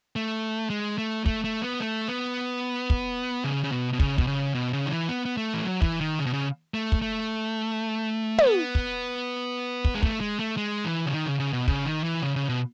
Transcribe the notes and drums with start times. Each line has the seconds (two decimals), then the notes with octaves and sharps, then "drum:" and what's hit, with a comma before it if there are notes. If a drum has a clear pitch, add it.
0.16 A3
0.70 G#3
0.98 A3
1.26 A3, drum: kick
1.44 A3
1.62 B3
1.80 A3
2.08 B3
2.90 drum: kick
3.44 C#3
3.64 C#3
3.71 B2
3.93 B2
4.00 C#3, drum: kick
4.18 B2, drum: kick
4.27 C#3
4.54 B2
4.73 C#3
4.86 D#3
4.90 E3
5.09 B3
5.25 B3
5.37 A3
5.53 E3
5.64 F#3
5.82 E3, drum: kick
6.01 D#3
6.19 C#3
6.26 B2
6.33 C#3
6.74 A3
6.92 drum: kick
7.02 A3
8.38 B3, drum: tom
8.75 drum: kick
9.85 drum: kick
9.94 G#3
10.03 A3, drum: kick
10.21 G#3
10.40 A3
10.57 G#3
10.85 E3
11.06 C#3
11.13 D#3
11.26 C#3
11.40 C#3
11.53 B2
11.68 C#3, drum: kick
11.85 D#3
12.04 E3
12.22 C#3
12.36 C#3
12.49 B2